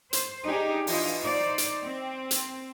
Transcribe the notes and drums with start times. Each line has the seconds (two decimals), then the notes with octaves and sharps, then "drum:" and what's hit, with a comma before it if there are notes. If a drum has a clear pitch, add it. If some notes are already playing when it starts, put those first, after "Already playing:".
0.13 C5, drum: hi-hat
0.44 D4 D#4 G4 G#4
0.87 E3 D4 F4 D#5, drum: open hi-hat
1.22 D#4 C5 D5
1.58 drum: hi-hat
1.85 C4
2.31 drum: hi-hat